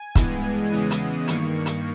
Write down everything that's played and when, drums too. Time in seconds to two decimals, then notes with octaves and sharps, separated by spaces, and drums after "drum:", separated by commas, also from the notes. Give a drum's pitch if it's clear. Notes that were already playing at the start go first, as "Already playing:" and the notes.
Already playing: G#5
0.15 G2 E3 G#3 B3, drum: kick, hi-hat
0.72 E2 C#3 E3 G#3 B3 D#6
0.91 drum: hi-hat
1.28 G2 D#3 A#3 C#6, drum: hi-hat
1.66 drum: hi-hat